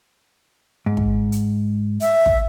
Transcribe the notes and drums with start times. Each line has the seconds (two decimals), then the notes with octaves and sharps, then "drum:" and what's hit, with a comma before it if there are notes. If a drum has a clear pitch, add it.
0.86 G#2
0.97 drum: kick
1.32 drum: hi-hat
2.01 E5, drum: hi-hat
2.26 drum: kick